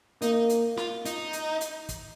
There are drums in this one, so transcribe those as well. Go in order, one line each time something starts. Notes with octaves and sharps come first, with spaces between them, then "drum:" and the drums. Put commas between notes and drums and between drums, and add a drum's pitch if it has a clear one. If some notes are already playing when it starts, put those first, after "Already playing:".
A#3 D#4, drum: hi-hat
drum: hi-hat
F4, drum: snare
D#4, drum: hi-hat
drum: hi-hat
drum: hi-hat
drum: kick, hi-hat